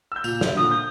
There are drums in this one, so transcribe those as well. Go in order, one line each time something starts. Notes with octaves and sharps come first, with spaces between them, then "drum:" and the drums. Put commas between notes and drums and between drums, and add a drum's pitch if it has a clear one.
E6 G6
A#2 F7, drum: tambourine
C5 E5, drum: snare
A#2 D3 D#6
G6